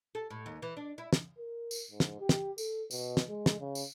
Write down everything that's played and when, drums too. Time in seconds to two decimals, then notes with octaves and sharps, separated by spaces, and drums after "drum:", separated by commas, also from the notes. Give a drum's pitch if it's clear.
0.15 A4
0.30 A2
0.46 D#2
0.62 E3
0.77 D4
0.98 E4
1.13 drum: snare
1.38 A#4
1.71 drum: tambourine
1.91 G#2
2.00 drum: snare
2.20 G4
2.29 drum: snare
2.58 A4, drum: tambourine
2.91 B2, drum: tambourine
3.17 drum: snare
3.29 G#3
3.46 drum: snare
3.60 C#3
3.75 drum: tambourine